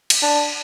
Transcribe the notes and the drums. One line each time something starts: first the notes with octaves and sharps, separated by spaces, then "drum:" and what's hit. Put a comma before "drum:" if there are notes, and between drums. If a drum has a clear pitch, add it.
drum: cymbal
D4